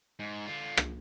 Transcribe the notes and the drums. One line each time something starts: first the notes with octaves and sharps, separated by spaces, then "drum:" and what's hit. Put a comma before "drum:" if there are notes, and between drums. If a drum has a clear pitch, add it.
G#2
D3 F4
drum: rim click